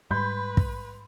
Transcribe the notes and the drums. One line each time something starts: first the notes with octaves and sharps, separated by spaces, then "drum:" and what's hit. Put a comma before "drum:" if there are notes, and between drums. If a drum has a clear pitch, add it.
G#2 G3 B4 B5 C6 G6
drum: kick